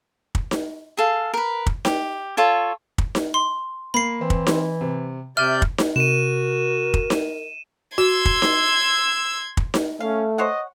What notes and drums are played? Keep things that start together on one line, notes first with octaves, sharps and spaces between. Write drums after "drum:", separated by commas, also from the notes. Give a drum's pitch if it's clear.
drum: kick
drum: snare D#4
G#4 A4 F5
A#4 B4
drum: kick
G4, drum: snare D#4
F4 A4 C#5
drum: kick
drum: snare D#4
C6
A#3 B5 C7
E3 C4
drum: kick
drum: snare D#4
C3
C3 D5 E5 F6 G6 D#7
drum: kick
drum: snare D#4
C3 F#4 A#4 D#7 E7
drum: kick
drum: snare D#4
F#4 C6 E6 G#6
drum: kick
drum: snare D#4
drum: kick
drum: snare D#4
A3 C#4 F5
C5 C#5 D#5 F#5